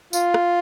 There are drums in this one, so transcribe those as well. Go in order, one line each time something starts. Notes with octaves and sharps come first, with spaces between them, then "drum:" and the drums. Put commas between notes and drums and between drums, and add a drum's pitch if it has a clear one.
F4, drum: tambourine
drum: rim click